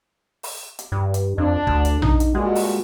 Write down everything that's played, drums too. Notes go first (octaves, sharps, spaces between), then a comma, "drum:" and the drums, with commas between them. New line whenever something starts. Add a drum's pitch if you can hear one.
drum: open hi-hat
drum: hi-hat
G2
drum: hi-hat
F2 D4
D2, drum: kick
drum: hi-hat
D#4, drum: tom A#1
drum: hi-hat
G2 A#2 G#3 F#4
drum: open hi-hat